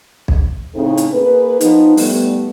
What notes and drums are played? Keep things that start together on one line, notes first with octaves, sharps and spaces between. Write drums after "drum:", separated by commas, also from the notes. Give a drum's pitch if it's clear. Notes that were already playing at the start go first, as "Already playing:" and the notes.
drum: kick B1
A2 C#3 C4 D#4 A4
drum: hi-hat
A#3 G#4 B4
F3 B3 D#4, drum: hi-hat
G3 A3 B3, drum: open hi-hat